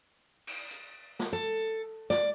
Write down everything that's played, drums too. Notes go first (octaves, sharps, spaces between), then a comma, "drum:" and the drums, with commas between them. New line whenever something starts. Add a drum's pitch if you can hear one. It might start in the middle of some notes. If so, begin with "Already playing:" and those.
drum: cymbal
drum: hi-hat
drum: snare
A4
D5, drum: snare